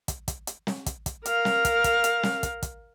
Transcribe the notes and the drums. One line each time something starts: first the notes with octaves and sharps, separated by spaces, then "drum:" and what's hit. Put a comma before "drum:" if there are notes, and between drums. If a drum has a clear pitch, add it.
drum: kick, hi-hat
drum: kick, hi-hat
drum: hi-hat
drum: snare
drum: kick, hi-hat
drum: kick, hi-hat
A#4 F5, drum: hi-hat
drum: snare
drum: kick, hi-hat
drum: kick, hi-hat
drum: hi-hat
drum: snare
drum: kick, hi-hat
drum: kick, hi-hat